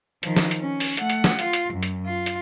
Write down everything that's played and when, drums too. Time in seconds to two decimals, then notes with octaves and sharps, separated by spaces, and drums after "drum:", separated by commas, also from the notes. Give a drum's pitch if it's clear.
0.23 D#3 F3, drum: hi-hat
0.37 drum: snare
0.51 drum: hi-hat
0.61 C#4
0.80 drum: open hi-hat
0.97 A3 F#5, drum: hi-hat
1.10 drum: hi-hat
1.24 drum: snare
1.39 F4, drum: hi-hat
1.53 drum: hi-hat
1.73 F#2
1.83 drum: hi-hat
2.06 F4
2.26 drum: hi-hat